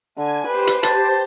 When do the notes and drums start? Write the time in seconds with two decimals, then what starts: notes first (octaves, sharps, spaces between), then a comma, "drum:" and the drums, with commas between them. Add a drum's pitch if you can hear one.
0.18 D3 G#5
0.47 G4 B4 C5
0.67 drum: hi-hat
0.83 A5, drum: hi-hat